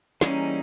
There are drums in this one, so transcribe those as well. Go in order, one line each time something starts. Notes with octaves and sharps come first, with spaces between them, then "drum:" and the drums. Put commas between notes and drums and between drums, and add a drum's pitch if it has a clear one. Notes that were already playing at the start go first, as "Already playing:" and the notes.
E3 G3 A#3 C#4 D#4 G#4, drum: snare